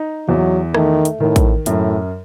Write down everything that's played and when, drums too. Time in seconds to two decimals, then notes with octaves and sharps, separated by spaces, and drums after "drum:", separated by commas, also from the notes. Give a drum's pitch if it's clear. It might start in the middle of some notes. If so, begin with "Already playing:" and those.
Already playing: D#4
0.28 E2 F#3
0.74 D#3 A3, drum: rim click
1.05 drum: hi-hat
1.20 A2 D#3
1.36 drum: kick, hi-hat
1.66 F#2 A2, drum: hi-hat